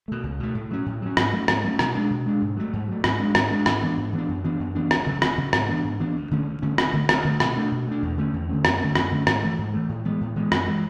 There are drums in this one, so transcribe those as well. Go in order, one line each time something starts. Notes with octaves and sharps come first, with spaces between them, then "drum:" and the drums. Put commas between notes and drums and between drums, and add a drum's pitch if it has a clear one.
B2 A3
C#2
B2 A3
A2
F#3 C#4
A2
F#3 C#4
G#2, drum: rim click
F#3 A3 C#4
G#2, drum: rim click
F#3 A3 C#4
B2, drum: rim click
G#3 D4
B2
G#3 D4
G#2
F#3 A3
G#2
F#3 A3
G#2, drum: rim click
G#3 D4
G#2, drum: rim click
G#3 D4
G#2, drum: rim click
E3 B3 D4
G#2
E3 B3 D4
F#2
E3 B3 D4
F#2
E3 B3 D4
D2, drum: rim click
C#3 F#3
D2, drum: rim click
C#3 F#3
G#2, drum: rim click
E3 B3 D4
G#2
E3 B3 D4
D2
D3 A3 C#4
D2
D3 A3 C#4
D2, drum: rim click
D3 A3
D2, drum: rim click
D3 A3
B2, drum: rim click
A3 D4
B2
A3 D4
E2
D3 A3 C#4
E2
D3 A3 C#4
F#2, drum: rim click
D3 A3 C#4
F#2, drum: rim click
D3 A3 C#4
G#2, drum: rim click
E3 A3
G#2
E3 A3
A2
E3 G#3 B3
A2
E3 G#3 B3
F#2, drum: rim click
E3 G#3